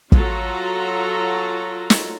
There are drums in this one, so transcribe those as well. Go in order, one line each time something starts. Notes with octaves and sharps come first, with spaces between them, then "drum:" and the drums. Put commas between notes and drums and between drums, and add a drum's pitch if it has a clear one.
F#3 F4 F#4 A4 A#5, drum: kick
drum: snare